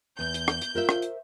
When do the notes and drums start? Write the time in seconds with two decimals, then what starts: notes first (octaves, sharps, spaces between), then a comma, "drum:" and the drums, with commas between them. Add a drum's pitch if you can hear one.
0.19 E2 G6
0.34 drum: hi-hat
0.48 drum: rim click
0.61 drum: hi-hat
0.75 F4 A#4 C5 E5
0.89 drum: rim click
1.02 drum: hi-hat